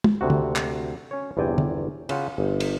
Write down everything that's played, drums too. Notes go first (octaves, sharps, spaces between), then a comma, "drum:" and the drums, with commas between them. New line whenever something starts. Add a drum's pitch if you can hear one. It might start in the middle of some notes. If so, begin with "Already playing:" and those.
drum: tom
D2 C3 F#4
drum: tom
drum: clap
C#4 C#5
G1 E2 C3 D5 G5 G#5
drum: tom
C#3 F4 F#5, drum: cymbal
G1
drum: cymbal